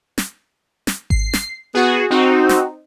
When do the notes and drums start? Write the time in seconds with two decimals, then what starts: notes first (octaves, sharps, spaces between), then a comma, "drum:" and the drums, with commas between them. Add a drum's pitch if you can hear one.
0.18 drum: snare
0.87 drum: snare
1.10 C7, drum: kick G#1
1.33 drum: snare
1.75 B3 F#4 G#4
2.11 C4 D#4 F#4
2.49 drum: snare